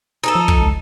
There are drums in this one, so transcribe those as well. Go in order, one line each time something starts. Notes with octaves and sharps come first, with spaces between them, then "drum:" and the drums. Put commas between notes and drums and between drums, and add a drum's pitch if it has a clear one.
D#4 G#4 A4
F3
drum: kick
C#2